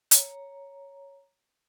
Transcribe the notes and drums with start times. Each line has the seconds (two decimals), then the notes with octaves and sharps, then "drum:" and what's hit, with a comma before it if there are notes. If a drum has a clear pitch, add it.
0.11 C#5 A#5, drum: hi-hat